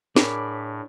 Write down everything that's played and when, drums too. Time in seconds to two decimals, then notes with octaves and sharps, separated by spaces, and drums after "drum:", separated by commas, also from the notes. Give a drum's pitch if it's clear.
0.16 A2 D4 G#4 A#4 C#5 B5 D6, drum: snare